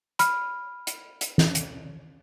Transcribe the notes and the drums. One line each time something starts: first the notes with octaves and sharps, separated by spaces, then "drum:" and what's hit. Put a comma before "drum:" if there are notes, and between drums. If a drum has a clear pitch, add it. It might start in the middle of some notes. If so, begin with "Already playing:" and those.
B5 F6, drum: hi-hat
drum: hi-hat
drum: hi-hat
drum: snare
drum: hi-hat